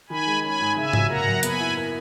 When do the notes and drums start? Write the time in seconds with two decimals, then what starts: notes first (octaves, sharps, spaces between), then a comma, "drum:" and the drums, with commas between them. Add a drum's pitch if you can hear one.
0.09 D#3 G#5 B5
0.27 G#3
0.43 C#4 G#5 B5
0.61 G#2
0.77 C#3 E5 G#5
0.93 F#3, drum: tom G#2
1.10 A#3 F#5 A#5
1.27 F#2
1.43 B3 G#5 B5, drum: hi-hat
1.60 E4
1.77 A#4